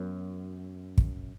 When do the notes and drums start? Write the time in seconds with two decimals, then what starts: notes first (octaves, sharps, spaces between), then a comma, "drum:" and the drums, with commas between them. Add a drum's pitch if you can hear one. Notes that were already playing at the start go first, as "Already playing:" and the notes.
Already playing: F#2 F#3 B3 F#4 A#4 C#5
0.98 drum: kick